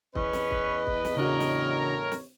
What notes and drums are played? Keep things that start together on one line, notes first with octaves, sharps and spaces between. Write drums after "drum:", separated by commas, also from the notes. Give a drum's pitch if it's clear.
E2 C#4 B4 D#5, drum: kick
drum: snare
drum: kick
drum: kick
drum: snare
A2 C#3 D4 F#4 A#4 C#5
drum: snare
drum: snare